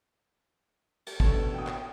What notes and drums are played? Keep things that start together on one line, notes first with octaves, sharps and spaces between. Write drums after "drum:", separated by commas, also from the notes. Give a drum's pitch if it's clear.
drum: cymbal
A1 B2 D3 A4 C#5 A5, drum: kick
A2 A#3 F#4 G5 D#6
drum: clap